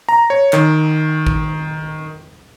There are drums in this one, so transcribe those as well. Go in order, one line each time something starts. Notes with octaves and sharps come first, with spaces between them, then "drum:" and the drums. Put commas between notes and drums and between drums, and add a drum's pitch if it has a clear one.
A#5
C#5
D#3, drum: clap
drum: kick A1